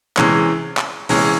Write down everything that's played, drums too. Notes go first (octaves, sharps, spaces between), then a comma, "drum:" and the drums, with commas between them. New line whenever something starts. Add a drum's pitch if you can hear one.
C3 E3 G#3 C#4, drum: clap
drum: clap
C3 E3 G#3 C#4, drum: open hi-hat